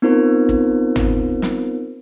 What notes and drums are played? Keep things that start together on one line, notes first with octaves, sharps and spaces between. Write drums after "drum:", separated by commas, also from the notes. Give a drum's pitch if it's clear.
B3 C4 D#4 F4 A#4 C5
drum: kick
drum: tom
drum: snare